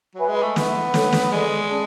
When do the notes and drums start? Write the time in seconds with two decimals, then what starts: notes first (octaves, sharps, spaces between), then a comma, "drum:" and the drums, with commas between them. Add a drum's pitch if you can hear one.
0.15 F#3 B4 E5 G#5 B5
0.28 G#3
0.43 A3
0.56 B3 E4 A4 E5, drum: snare
0.94 D4 A4 C#5, drum: snare
1.13 drum: snare
1.31 G#3 A4 D5 G#5 B5
1.68 C#4 G#4 D5 A5